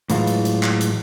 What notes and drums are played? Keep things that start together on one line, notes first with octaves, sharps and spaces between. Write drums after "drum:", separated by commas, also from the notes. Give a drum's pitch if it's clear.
A2 E3 F#3 G#3 F4, drum: hi-hat
drum: hi-hat
drum: hi-hat
drum: clap
drum: hi-hat